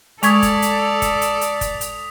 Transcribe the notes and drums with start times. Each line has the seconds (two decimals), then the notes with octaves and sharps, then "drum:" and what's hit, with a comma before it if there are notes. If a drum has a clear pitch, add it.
0.23 G#3 A4 D5 C#6 D#6 G#6 B6 F7, drum: hi-hat
0.43 drum: kick, hi-hat
0.62 drum: hi-hat
1.02 drum: kick, hi-hat
1.22 drum: hi-hat
1.41 drum: hi-hat
1.61 drum: kick, hi-hat
1.81 drum: hi-hat